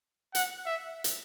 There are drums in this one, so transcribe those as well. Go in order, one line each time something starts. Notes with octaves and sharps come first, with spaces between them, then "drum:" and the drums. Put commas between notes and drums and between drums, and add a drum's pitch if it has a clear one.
F#5, drum: hi-hat
E5
drum: hi-hat